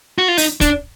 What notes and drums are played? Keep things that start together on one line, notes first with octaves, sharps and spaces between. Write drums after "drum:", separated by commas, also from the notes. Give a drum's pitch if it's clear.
F#4
F4
D#4, drum: open hi-hat
D4, drum: kick, hi-hat